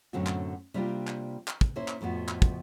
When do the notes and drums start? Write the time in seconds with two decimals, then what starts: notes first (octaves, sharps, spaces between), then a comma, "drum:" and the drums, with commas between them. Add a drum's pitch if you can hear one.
0.13 F#2 A2 D3 C4 F#4
0.27 drum: clap
0.74 C3 G3 A#3 D4 F4 G4
1.07 drum: clap
1.48 drum: clap
1.61 drum: kick
1.76 A#3 C#4 E4 C5
1.88 drum: clap
2.01 F2 A2 F3 B3 F#4
2.28 drum: clap
2.42 drum: kick